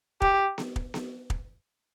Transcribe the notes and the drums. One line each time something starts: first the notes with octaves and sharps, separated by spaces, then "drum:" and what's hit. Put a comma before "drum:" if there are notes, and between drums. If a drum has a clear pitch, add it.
G4, drum: kick
drum: snare B3
drum: kick
drum: snare B3
drum: kick